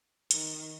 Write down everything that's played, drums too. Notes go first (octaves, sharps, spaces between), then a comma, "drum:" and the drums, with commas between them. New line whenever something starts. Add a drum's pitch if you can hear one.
D#3, drum: hi-hat